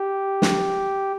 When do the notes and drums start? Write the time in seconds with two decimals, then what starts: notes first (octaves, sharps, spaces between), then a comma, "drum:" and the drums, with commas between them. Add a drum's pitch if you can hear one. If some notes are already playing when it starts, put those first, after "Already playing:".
Already playing: G4
0.42 drum: snare